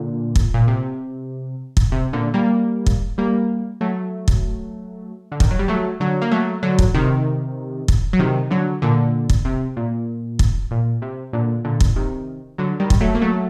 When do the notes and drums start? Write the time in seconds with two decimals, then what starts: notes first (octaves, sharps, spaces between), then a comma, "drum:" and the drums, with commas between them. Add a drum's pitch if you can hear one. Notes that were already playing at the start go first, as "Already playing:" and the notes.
Already playing: A#2 D3
0.36 drum: kick
0.54 A#2
0.67 C3
1.77 drum: kick
1.92 C3
2.13 A#2 D3
2.34 G3 A#3
2.86 drum: kick
3.18 G3 A#3
3.81 F#3 A3
4.28 drum: kick
5.32 D3
5.40 D#3, drum: kick
5.51 F#3
5.59 G3
5.68 F#3 A3
6.00 D3 F#3
6.22 A#3
6.31 F#3 A3
6.63 D3 F#3
6.79 drum: kick
6.94 C3 D#3
7.88 drum: kick
8.13 F#3
8.19 C3 D#3
8.50 D3 F#3
8.82 A#2 D3
9.30 drum: kick
9.45 C3
9.77 A#2
10.39 drum: kick
10.71 A#2
11.02 C3
11.33 A#2 D3
11.65 A#2 D3
11.80 drum: kick
11.96 C3 D#3
12.58 D3 F#3
12.80 D#3 G3
12.90 drum: kick
13.01 F#3 A3
13.15 A#3
13.22 F#3 A3